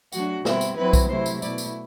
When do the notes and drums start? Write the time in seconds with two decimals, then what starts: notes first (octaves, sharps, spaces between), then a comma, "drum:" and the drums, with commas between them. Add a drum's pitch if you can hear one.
0.12 F#3 A3 D4 F#4, drum: tambourine
0.45 B2 G3 C4 E4, drum: snare
0.61 drum: tambourine
0.77 F#3 C4 E4 B4
0.93 drum: kick B1, tambourine
1.09 C3 F#3 A3 E4 C5
1.26 drum: tambourine
1.42 B2 A3 E4 D5, drum: tambourine
1.58 drum: tambourine